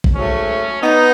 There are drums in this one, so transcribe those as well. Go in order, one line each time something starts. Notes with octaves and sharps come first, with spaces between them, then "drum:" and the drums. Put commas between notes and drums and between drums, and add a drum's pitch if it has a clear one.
drum: kick
G#2 F#3 A3 C#4
B3 D#4